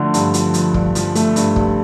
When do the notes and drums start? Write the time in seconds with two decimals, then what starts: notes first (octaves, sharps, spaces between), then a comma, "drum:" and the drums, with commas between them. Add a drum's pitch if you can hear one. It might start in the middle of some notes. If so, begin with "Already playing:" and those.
Already playing: D3 F3 A3
0.14 G2, drum: hi-hat
0.34 F3, drum: hi-hat
0.54 F3, drum: hi-hat
0.74 G2, drum: kick
0.95 F3, drum: hi-hat
1.15 A3, drum: hi-hat
1.36 G2, drum: hi-hat
1.56 G2, drum: kick